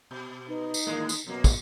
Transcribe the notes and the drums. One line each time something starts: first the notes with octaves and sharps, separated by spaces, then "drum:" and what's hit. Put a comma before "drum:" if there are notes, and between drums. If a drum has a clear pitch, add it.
B2
D#4 B4
drum: tambourine
A2 D#3 E3 G#3 A#3
drum: tambourine
F#2 B2 A#3
drum: kick, tambourine